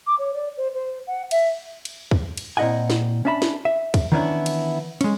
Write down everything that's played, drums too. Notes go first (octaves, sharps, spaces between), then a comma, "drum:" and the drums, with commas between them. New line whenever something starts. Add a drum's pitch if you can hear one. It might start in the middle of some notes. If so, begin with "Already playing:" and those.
D6
C#5
D5
C5
C5
F#5
E5, drum: cymbal
drum: cymbal
drum: kick
drum: cymbal
A#2 C4 E4 D#5 F#5 G#5
drum: snare
C#4 D4 E5 A5 B5
drum: snare
E5
drum: kick, cymbal
D#3 E3 B3 C#4 D4 E4
drum: cymbal
G#3 C#4, drum: cymbal